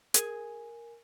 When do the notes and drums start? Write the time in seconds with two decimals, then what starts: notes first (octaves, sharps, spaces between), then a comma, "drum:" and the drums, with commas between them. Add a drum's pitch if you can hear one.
0.14 G#4 A#4 G#5, drum: hi-hat